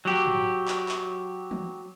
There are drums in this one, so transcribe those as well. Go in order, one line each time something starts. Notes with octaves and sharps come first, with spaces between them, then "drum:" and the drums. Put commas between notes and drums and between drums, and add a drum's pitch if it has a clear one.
F#3 G4
drum: tom G#2
drum: clap
drum: clap
drum: tom